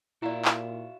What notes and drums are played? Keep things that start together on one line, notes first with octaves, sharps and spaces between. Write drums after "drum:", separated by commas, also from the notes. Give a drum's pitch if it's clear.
A#2 E4 F#4 D5 E5 F5
drum: clap